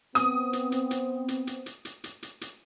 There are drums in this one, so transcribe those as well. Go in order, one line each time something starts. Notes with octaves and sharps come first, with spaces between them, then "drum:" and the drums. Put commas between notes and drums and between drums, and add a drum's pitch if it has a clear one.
B3 C4 D#6, drum: hi-hat
drum: hi-hat
drum: hi-hat
drum: hi-hat
drum: hi-hat
drum: hi-hat
drum: hi-hat
drum: hi-hat
drum: hi-hat
drum: hi-hat
drum: hi-hat